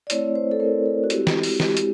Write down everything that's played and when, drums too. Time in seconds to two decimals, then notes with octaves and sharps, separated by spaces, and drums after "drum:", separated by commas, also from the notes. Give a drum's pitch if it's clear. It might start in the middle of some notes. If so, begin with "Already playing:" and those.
0.07 D5
0.10 A3 C4 E4 C#5, drum: hi-hat
0.35 C5
0.51 A4
0.60 A3 C4 E4 A#4
0.86 A4
1.04 F#4
1.10 G#3 C4 E4 G4, drum: hi-hat
1.27 drum: snare
1.43 drum: open hi-hat
1.60 G#3 C4 E4 G4, drum: snare
1.77 drum: hi-hat